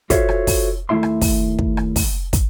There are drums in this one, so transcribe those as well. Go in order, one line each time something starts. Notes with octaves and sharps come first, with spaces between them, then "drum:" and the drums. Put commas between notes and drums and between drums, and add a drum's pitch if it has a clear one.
F4 F#4 A4 C5 C#5 E5, drum: kick, hi-hat
drum: rim click
drum: kick, open hi-hat
D#2 A3 A#3 E4 E5 C6
drum: rim click
drum: kick, open hi-hat
drum: kick
drum: rim click
drum: kick, open hi-hat
drum: kick, hi-hat